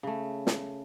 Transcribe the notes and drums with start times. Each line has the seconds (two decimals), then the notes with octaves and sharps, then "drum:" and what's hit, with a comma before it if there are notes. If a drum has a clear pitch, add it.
0.03 C#3 A3
0.47 drum: snare